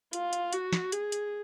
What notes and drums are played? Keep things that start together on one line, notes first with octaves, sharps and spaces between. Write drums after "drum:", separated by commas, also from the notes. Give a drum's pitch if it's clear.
F4, drum: hi-hat
drum: hi-hat
F#4, drum: hi-hat
drum: snare
G#4, drum: hi-hat
drum: hi-hat